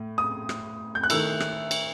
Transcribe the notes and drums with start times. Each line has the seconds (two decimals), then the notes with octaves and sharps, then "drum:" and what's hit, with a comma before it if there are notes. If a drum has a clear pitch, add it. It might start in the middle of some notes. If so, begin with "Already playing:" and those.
Already playing: A2
0.18 D#6
0.49 drum: rim click
0.95 G6
1.03 F#6
1.10 D#3 A3 E4 E6, drum: cymbal
1.40 drum: rim click
1.71 drum: cymbal